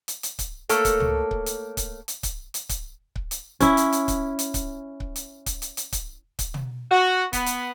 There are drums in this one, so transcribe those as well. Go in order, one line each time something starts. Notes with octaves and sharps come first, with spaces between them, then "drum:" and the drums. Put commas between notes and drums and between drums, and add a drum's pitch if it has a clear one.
drum: hi-hat
drum: hi-hat
drum: kick C#1, hi-hat
A3 A#3 A4 C#5, drum: hi-hat
drum: kick C#1, hi-hat
drum: tom C#2
drum: kick C#1
drum: hi-hat
drum: kick C#1, hi-hat
drum: hi-hat
drum: kick C#1, hi-hat
drum: hi-hat
drum: kick C#1, hi-hat
drum: kick C#1
drum: hi-hat
C#4 E4, drum: kick C#1, hi-hat
drum: hi-hat
drum: hi-hat
drum: kick C#1, hi-hat
drum: hi-hat
drum: kick C#1, hi-hat
drum: kick C#1
drum: hi-hat
drum: kick C#1, hi-hat
drum: hi-hat
drum: hi-hat
drum: kick C#1, hi-hat
drum: kick C#1, hi-hat
drum: tom
F#4
B3, drum: kick C#1, hi-hat
drum: hi-hat